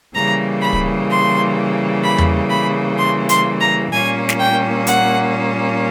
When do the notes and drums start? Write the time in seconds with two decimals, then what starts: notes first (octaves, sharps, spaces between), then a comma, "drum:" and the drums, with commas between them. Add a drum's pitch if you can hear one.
0.15 C#3 E3 G3 A#3 A#5
0.61 B5
0.73 drum: kick
1.09 C6
2.03 B5
2.18 drum: tom E2
2.50 B5
2.98 C6
3.29 C6, drum: hi-hat
3.60 A#5
3.92 A#2 G3 A#3 C#4 G#5
4.29 drum: snare
4.39 G5
4.87 F#5, drum: hi-hat